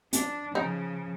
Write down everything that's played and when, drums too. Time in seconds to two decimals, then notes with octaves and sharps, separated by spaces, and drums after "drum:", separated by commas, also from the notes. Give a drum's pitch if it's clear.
0.13 D4, drum: hi-hat
0.55 C#3 F3 D#4